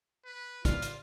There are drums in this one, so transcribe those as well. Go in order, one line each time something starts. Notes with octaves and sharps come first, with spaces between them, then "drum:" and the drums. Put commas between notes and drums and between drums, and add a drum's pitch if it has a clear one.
B4
F4 D5 F6, drum: kick, hi-hat
drum: hi-hat